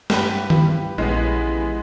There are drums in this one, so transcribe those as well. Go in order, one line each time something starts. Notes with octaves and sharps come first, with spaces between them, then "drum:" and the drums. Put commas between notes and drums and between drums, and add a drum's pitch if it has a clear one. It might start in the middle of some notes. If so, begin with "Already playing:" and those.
G2 G4 B4, drum: snare
drum: tom D#3
A#1 D#2 C#3 E3 G#3 B3 E4